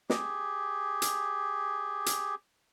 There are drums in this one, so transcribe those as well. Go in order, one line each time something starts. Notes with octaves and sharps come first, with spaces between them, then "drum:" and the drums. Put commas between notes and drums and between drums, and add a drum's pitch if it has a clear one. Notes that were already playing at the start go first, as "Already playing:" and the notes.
G4 G#4, drum: snare
drum: hi-hat
drum: hi-hat